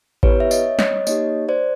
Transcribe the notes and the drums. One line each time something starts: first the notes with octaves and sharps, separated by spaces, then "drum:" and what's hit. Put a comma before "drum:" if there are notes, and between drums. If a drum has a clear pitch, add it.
B3 E4 G4 B4 C#5, drum: kick A1
E5
C#5 D#5, drum: tambourine
C#5 D#5, drum: snare
A#3 D#4 G4 C#5 D#5, drum: tambourine
C5 D5